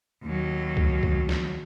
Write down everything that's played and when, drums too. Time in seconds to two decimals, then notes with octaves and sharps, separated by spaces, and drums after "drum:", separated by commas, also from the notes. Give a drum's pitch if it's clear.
0.25 D#2 F#3
0.77 drum: kick C#2
1.03 drum: kick C#2
1.29 drum: snare